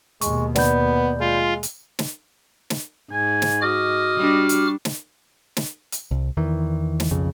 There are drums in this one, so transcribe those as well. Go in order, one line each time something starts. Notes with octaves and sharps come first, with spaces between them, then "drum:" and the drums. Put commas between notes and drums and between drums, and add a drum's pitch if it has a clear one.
D#2 B2 G#3 C#6, drum: hi-hat
B3 D5 B5 G6, drum: snare
G#3 F4
drum: hi-hat
drum: snare
drum: snare
G#2 G#5
drum: snare
F#4 D#5 D6 F6
G3 D4
drum: hi-hat
drum: snare
drum: snare
drum: hi-hat
C2
E2 D#3 E3
drum: snare
B1 F2 C#3